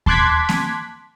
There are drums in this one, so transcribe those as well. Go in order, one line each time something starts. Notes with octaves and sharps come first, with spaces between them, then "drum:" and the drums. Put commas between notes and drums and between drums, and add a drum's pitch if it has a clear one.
A5 C6 D6 F#6 G#6 B6, drum: kick D#2
drum: snare A#3